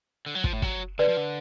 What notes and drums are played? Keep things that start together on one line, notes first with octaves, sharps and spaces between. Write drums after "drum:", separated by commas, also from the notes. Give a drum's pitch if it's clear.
D3
F#3
F3, drum: kick
A2
F#3, drum: kick
D3 B4 D5
F3
D3